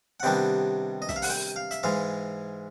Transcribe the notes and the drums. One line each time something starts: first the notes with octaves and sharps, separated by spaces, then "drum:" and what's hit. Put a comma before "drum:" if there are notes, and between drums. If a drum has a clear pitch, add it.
F#5
C3 D#3 G3 B3 D4 G5
D#5
E5, drum: snare
F5
F#5, drum: open hi-hat
G5
F5
E5, drum: hi-hat
G#2 E3 G#3 F5